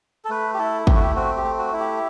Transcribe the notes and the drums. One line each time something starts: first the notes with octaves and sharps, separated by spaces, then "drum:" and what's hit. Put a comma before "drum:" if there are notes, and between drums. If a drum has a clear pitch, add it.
A4
A3 B4
G4
E4 A4
A3 G4, drum: kick
F#4
G4
C4 F#4
G4
A3
F#4
E4
G4